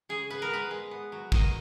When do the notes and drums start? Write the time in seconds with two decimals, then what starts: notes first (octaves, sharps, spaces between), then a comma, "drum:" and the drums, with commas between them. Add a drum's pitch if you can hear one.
0.09 C#3 G#4
0.30 B3 B4
0.42 A#4
0.51 G#3 B4
0.71 G#3
0.91 B3
1.12 F#3
1.32 D#3 D#5, drum: kick G#1